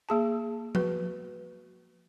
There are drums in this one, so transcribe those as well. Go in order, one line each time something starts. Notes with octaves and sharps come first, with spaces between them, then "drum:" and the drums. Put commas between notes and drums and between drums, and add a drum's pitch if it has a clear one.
A#3 G#4 A5
F#4 B4, drum: tom F3